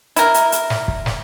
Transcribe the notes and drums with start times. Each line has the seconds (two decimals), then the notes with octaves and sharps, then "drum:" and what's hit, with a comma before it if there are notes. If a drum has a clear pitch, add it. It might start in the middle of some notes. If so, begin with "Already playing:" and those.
0.16 E4 A#4, drum: hi-hat
0.34 drum: hi-hat
0.52 drum: hi-hat
0.70 drum: snare
0.88 drum: kick
1.06 drum: snare